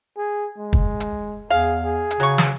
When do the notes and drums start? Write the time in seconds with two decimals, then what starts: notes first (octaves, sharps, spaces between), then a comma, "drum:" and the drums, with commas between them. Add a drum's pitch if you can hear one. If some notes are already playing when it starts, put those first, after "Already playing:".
0.18 G#4
0.58 G#3
0.73 drum: kick
1.00 drum: hi-hat
1.50 E2 G#4 F5
1.84 G#4
2.11 drum: hi-hat
2.20 C#3 F#3 C#6
2.38 drum: snare